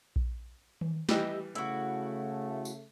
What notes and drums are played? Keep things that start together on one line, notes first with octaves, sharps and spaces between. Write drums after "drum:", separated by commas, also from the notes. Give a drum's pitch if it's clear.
drum: kick A#1
drum: tom D#3
E3 G3 G4 D#5 E5, drum: snare
C#3 A3 E4 F#4, drum: hi-hat
drum: tambourine